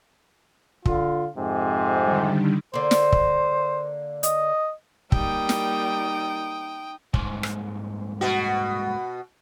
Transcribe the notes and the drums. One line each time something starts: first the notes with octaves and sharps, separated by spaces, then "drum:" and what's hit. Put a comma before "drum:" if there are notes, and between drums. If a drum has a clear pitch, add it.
D3 F4, drum: kick
F2 G#2 C3
D3 D#3 G3
D3 A#3 C5
drum: snare
drum: kick
D#5, drum: hi-hat
G3 A#3 D#4 G5 D#6, drum: kick
drum: snare
C2 G#2, drum: kick
drum: rim click
B2 F#4